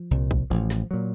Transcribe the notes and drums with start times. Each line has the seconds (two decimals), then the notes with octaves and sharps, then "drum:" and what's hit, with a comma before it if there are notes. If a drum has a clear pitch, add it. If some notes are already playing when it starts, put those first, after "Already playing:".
Already playing: F3
0.11 C2 A#2
0.31 drum: kick A#1
0.50 A1 A2 F3
0.70 drum: snare
0.91 A#2 F#3